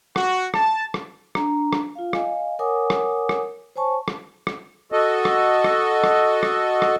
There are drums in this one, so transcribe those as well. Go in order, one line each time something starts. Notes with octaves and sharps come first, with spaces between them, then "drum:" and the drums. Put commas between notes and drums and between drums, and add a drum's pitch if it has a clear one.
F#4, drum: rim click
A5, drum: rim click
drum: rim click
D4 A#5, drum: rim click
drum: rim click
F4 F5
D#5 F5 G#5, drum: rim click
A#4 C#5 F#5 G#5 D6 D#6
drum: rim click
drum: rim click
C5 C#5 G#5 A5 C#6
drum: rim click
drum: rim click
F#4 A4 D#5
drum: rim click
drum: rim click
drum: rim click
drum: rim click
drum: rim click